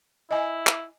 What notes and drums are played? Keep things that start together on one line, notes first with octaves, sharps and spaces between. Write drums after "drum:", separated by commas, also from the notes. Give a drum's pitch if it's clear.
E4 D#5 G#5
drum: clap